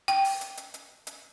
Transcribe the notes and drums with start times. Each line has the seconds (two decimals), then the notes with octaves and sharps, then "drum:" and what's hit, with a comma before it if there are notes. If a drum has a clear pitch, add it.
0.08 G5, drum: hi-hat
0.25 drum: open hi-hat
0.41 drum: hi-hat
0.57 drum: hi-hat
0.74 drum: hi-hat
1.07 drum: hi-hat